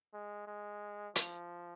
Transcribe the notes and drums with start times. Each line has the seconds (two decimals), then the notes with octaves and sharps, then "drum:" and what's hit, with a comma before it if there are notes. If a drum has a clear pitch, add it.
0.13 G#3
0.47 G#3
1.15 F3, drum: hi-hat